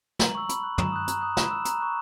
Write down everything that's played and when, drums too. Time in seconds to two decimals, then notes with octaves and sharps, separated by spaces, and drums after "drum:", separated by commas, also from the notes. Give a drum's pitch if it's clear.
0.19 A#5 F#7, drum: snare
0.35 C#6 E6
0.49 B5, drum: hi-hat
0.63 F#6
0.78 A#5 E7, drum: tom
0.92 D#6 F#6
1.08 A#5, drum: hi-hat
1.21 D#6 F#6
1.37 B5 E7, drum: snare
1.51 E6
1.65 A#5, drum: hi-hat
1.80 C#6 F#6